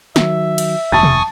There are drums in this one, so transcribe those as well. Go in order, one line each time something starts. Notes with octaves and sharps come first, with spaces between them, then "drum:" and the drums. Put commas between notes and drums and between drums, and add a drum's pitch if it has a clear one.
D#3 F#3 E5, drum: snare
drum: cymbal
F1 D#2 G#5 A5 C#6 D#6 A6
drum: tom B2